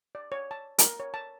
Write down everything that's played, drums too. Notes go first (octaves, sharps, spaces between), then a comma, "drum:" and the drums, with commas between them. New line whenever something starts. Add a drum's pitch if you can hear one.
D5
C#5
A5
A#4, drum: hi-hat
C#5
A5